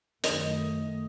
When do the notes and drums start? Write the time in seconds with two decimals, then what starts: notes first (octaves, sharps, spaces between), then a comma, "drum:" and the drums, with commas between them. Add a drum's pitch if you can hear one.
0.24 F#2 D#3 A3 D#5, drum: hi-hat